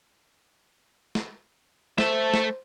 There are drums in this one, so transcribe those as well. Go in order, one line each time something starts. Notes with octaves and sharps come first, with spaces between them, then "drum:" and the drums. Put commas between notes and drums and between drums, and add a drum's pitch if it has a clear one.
drum: snare
A3 C5 E5, drum: snare
drum: snare